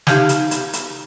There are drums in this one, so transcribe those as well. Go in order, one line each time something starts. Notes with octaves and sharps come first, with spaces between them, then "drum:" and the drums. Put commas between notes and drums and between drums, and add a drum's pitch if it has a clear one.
D#4 G4 F5 F6 G6 G#6, drum: snare
drum: hi-hat
drum: hi-hat
drum: hi-hat